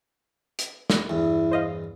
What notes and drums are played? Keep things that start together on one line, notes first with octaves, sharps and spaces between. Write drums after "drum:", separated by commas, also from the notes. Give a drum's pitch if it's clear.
drum: hi-hat
drum: snare
E2 G2 E4
C5 D#5 F5